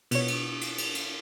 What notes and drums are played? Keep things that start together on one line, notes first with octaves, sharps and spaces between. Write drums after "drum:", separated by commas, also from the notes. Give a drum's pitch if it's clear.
B2 C#5, drum: cymbal
drum: cymbal
drum: cymbal
drum: cymbal
drum: cymbal